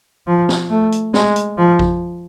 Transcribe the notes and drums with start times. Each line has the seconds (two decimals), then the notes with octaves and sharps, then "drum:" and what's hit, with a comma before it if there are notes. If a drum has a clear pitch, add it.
0.27 F3
0.49 drum: snare
0.70 A3
0.92 drum: hi-hat
1.14 G#3, drum: snare
1.36 drum: hi-hat
1.58 F3
1.79 drum: kick A1